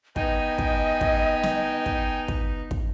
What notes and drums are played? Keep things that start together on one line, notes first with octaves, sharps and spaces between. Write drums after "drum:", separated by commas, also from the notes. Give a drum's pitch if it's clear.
B3 D#4 D#5 G5 G#5, drum: kick
drum: kick
drum: kick
drum: snare
drum: kick
drum: kick
drum: kick